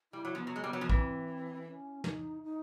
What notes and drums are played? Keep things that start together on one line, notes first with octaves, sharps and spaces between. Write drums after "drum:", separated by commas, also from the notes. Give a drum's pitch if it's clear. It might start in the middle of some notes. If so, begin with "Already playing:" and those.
G3 E4
F#3
F3 B3
F#3
G#3
G3 B3
F#3
F3
E3 C4, drum: kick
C#4
D#4, drum: snare
D#4